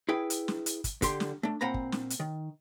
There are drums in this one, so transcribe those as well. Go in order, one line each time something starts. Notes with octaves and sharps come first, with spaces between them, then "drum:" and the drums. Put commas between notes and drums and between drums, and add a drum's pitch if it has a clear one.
E4 G#4 B4 G5
drum: hi-hat
drum: snare
drum: hi-hat
drum: kick, hi-hat
D3 G4 C6, drum: kick, hi-hat
drum: snare
A3 D4
A#2 C4 F#5 A#5 B5
drum: kick
drum: snare
drum: hi-hat
D#3